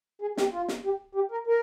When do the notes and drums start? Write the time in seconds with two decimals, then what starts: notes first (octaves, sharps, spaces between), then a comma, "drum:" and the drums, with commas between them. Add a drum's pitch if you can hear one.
0.22 G#4
0.37 G4, drum: snare
0.53 F4
0.68 drum: snare
0.85 G4
1.15 G4
1.31 A#4
1.47 A#4